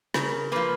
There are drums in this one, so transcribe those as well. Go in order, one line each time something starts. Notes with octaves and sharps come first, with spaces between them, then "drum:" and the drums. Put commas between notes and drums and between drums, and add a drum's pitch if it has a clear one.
C#3 A#4, drum: rim click
F3 A#3 B4